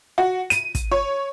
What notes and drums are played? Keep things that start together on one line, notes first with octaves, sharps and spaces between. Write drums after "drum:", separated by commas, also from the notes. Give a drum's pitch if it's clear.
F#4
D#7, drum: hi-hat
drum: kick, hi-hat
C#5